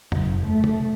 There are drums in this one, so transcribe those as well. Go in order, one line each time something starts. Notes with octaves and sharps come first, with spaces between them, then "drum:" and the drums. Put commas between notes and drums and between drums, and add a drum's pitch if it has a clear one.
F#1, drum: tom E2
A3
drum: tom C3